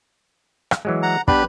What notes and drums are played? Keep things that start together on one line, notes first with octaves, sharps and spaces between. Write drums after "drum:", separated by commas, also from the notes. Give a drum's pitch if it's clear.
drum: rim click
E3 F#3 G#3
F#5 A#5
G3 B3 D4 G4 B4 B5, drum: kick